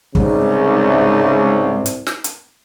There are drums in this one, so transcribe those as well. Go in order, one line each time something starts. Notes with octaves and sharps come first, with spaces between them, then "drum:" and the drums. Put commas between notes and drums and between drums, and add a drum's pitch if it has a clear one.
C2 G#2 C#3 D#4, drum: kick
drum: hi-hat
drum: snare
drum: hi-hat